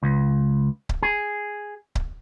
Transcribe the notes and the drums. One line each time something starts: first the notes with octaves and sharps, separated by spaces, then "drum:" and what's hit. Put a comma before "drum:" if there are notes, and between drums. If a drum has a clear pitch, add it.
C#2
drum: kick C#1
G#4
drum: kick C#1